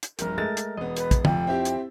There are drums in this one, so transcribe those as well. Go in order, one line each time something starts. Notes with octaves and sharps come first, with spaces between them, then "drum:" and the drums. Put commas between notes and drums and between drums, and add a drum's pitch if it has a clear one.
drum: hi-hat
A#1 G2 A#4, drum: hi-hat
G#3 A3 A6
drum: hi-hat
E1 B3 D#5
B4, drum: hi-hat
drum: kick, hi-hat
F1 F2 G5, drum: tom
C4 E4 G4
drum: hi-hat